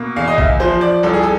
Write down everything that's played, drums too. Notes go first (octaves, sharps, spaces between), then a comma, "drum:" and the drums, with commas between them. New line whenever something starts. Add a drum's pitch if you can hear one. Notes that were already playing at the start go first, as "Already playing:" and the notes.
Already playing: B2 A#3
E2 F5
D#5
E5, drum: kick G#1
F3 C5
D5
C2 A4
G#4
A4